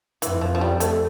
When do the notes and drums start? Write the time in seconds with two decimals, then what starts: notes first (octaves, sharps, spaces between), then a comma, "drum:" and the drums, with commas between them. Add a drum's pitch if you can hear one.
0.22 F2 E3, drum: hi-hat
0.41 F3
0.55 F3
0.61 G3
0.80 A3, drum: hi-hat